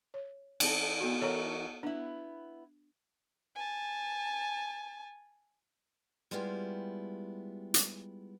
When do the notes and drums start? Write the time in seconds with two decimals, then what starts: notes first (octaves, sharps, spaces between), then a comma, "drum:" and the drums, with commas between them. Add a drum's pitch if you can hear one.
0.14 C#5
0.60 E3 C4 A4, drum: cymbal
1.00 B3 F#4
1.21 E3 F#4 A4 A#4 C#5
1.83 B3 D4 E4
3.55 G#5 A5
6.31 G3 G#3 B3 E4 F4 G4
7.74 drum: hi-hat